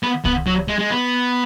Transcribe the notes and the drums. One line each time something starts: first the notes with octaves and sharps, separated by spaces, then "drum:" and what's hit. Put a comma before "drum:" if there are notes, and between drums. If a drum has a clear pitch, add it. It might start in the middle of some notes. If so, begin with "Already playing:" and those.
B3
B3, drum: kick C2
F#3
G#3
G#3
B3